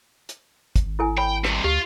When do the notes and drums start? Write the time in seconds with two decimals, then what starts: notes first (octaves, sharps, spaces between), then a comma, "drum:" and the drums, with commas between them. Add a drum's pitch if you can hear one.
0.29 drum: hi-hat
0.76 drum: kick, hi-hat
0.86 G#1
0.99 E4 A4 G#5
1.18 C#5 G5 B5
1.45 G2 C3, drum: rim click
1.64 D2 F4 G4